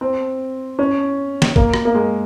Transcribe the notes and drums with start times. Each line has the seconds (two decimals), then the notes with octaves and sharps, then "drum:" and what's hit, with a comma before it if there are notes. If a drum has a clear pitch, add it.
0.01 C4
0.79 C#4
1.42 drum: snare
1.56 A#3, drum: kick
1.74 drum: rim click
1.85 A#3
1.95 G#3